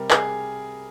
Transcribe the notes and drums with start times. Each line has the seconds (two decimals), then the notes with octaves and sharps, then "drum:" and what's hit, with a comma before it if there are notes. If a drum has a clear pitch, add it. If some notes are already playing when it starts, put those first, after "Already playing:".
Already playing: C3 G3 A#4
0.11 G#4, drum: clap